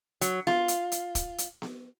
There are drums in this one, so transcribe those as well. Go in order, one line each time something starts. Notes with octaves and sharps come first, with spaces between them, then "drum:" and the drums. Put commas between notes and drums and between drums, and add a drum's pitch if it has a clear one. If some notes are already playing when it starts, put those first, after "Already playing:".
F#3, drum: hi-hat
F4, drum: snare B3
drum: hi-hat
drum: hi-hat
drum: kick, hi-hat
drum: hi-hat
drum: snare B3